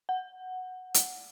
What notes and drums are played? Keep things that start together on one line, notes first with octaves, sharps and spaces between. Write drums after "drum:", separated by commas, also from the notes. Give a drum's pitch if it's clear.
F#5
drum: hi-hat